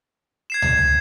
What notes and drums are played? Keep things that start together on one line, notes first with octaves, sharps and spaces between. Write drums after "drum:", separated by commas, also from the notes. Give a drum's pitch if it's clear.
G#6 C7 E7
drum: tom C#2